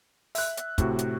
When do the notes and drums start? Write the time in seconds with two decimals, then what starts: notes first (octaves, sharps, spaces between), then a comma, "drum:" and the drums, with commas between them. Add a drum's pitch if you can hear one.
0.35 E5 F#6, drum: open hi-hat
0.57 drum: hi-hat
0.78 A2 C3 F#4, drum: kick, hi-hat
0.99 drum: hi-hat